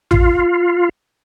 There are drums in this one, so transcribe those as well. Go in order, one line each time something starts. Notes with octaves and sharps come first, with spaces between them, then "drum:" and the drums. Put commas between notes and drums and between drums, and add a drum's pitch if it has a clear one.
F4, drum: tom A1